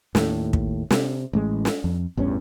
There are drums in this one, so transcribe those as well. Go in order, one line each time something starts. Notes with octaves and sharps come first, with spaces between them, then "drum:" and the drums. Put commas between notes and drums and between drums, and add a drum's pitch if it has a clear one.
D#2 A2, drum: snare
drum: kick
C3, drum: snare
A1 A2 G#3
drum: snare
F2
A1 E2 G2 C#4